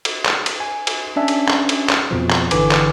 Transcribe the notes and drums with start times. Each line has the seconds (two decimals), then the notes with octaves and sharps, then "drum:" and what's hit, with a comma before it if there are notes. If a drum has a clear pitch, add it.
0.05 drum: cymbal
0.26 drum: clap
0.46 drum: cymbal
0.60 G#5
0.87 drum: cymbal
1.16 C#4 D4 E5 G#5
1.28 drum: cymbal
1.49 drum: clap
1.69 drum: cymbal
1.90 drum: clap
2.11 F2 B2 F3
2.31 drum: clap
2.51 G1 D3 E3 B4 G#5 D6, drum: cymbal
2.72 drum: clap